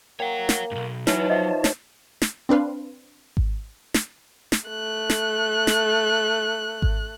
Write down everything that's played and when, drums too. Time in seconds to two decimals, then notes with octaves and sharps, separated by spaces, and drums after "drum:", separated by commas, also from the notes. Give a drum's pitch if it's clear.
0.20 A#3 C#5 F#5 G5
0.49 drum: snare
0.71 B1 G#2
1.07 E3 F#3 D#4 B4 C#5 A5, drum: snare
1.30 F3 D#5 E5 F#5
1.64 drum: snare
2.22 drum: snare
2.49 C4 D4 B4 F5 C6
3.37 drum: kick G#1
3.94 drum: snare
4.52 drum: snare
4.68 A3 F#6
5.10 drum: snare
5.67 drum: snare
6.82 drum: kick G#1